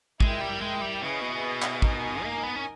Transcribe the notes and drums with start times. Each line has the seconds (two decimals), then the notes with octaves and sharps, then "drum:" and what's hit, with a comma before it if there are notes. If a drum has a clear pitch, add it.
0.20 G#3 E4 A#4 E5 G5, drum: kick
0.41 G3
0.61 G#3
0.81 G3
1.01 C#3 E4 G#4 B4 D#5
1.21 B2
1.62 drum: clap
1.82 D#4 A#4 D#5 G#5, drum: kick
2.23 A#3
2.43 B3
2.56 C#4